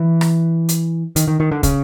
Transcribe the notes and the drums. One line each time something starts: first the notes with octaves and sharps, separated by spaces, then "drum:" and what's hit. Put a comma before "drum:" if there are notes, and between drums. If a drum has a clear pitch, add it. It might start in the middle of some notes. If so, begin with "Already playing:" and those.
Already playing: E3
drum: rim click
drum: hi-hat
D#3, drum: hi-hat
D#3
D#3
D3
C#3, drum: kick, hi-hat